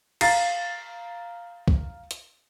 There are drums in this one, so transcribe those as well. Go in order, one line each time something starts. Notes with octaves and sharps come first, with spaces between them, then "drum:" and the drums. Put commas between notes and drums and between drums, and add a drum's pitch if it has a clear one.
F5 A#5 A6 C7, drum: cymbal
drum: kick
drum: hi-hat